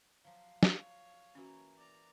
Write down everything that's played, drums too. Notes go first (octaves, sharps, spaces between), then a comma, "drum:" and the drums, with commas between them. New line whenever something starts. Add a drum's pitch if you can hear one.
F3 F#3 F5
C#5, drum: snare
E3 A#3 C#4 F#4
D5 A#5